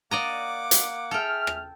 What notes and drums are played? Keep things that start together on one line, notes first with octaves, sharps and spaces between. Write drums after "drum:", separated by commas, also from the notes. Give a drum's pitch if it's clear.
A#3 D5 D#5 F#5 A#5 D6
drum: hi-hat
G#4 A4 E5 G5 F6
drum: rim click